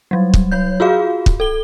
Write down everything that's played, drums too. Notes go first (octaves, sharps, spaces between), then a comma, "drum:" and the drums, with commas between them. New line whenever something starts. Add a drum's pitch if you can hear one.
F#3 G3
drum: kick
F#3 C#5 G6
F4 F#4 G#4 F5
drum: kick
A4 G7